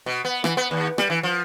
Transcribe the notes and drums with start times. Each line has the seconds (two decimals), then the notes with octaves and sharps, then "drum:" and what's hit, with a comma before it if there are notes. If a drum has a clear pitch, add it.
0.06 B2
0.25 B3
0.44 E3, drum: rim click
0.57 B3
0.71 D#2
0.98 G3, drum: rim click
1.10 E3
1.23 F3